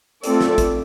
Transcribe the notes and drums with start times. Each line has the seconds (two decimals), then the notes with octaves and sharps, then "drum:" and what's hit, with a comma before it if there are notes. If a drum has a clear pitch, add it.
0.24 A3 C4 F4 A4 D5, drum: hi-hat
0.41 drum: snare
0.58 drum: kick, hi-hat